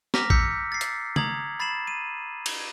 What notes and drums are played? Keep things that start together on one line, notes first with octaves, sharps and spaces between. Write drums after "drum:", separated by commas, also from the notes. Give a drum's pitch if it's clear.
A#5 D6 F6 A#6 B6, drum: snare
E6 G6 B6 C#7, drum: kick A1
A6 C7
drum: hi-hat
A#5 D#6 G#6 F#7, drum: tom
B5 A6 C7 E7 F#7
D#7
drum: cymbal